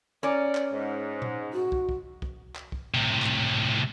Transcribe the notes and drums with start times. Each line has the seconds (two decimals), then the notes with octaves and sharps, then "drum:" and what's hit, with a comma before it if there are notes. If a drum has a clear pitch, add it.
0.23 C#4 A#4 D5
0.55 drum: clap
0.72 G#2
1.22 drum: tom A#2
1.53 F#4
1.72 drum: kick
1.89 drum: kick
2.22 drum: kick
2.56 drum: clap
2.72 drum: kick
2.94 A2 C3
3.22 drum: clap